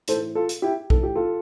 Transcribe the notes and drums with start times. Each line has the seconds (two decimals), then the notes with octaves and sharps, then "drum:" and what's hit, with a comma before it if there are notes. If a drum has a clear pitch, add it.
0.08 A2 E3 A4 C5, drum: hi-hat
0.35 F4 A4
0.49 drum: hi-hat
0.62 E4 G4
0.90 A2 E3 A4, drum: kick
1.03 G4
1.15 F4 A4